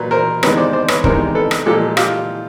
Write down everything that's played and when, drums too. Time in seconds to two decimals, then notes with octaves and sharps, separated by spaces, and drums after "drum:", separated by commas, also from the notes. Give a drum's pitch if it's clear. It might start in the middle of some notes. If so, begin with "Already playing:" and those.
Already playing: A#2 F#3 B4
0.11 A#4 C5
0.43 E2 C3 D#3 G#3 B4 C#5, drum: rim click
0.58 C5 D5
0.73 C5 D5
0.88 B4 C#5, drum: rim click
1.04 E2 C3 D#3 G#3 A#4 C5, drum: kick
1.35 A4 B4
1.51 drum: rim click
1.66 A#2 F3 G#3 G4 A4
1.97 F4 G4, drum: rim click